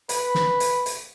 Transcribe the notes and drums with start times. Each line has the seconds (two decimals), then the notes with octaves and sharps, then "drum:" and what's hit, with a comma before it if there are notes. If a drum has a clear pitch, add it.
0.09 B4, drum: hi-hat
0.35 drum: snare
0.60 drum: hi-hat
0.86 drum: hi-hat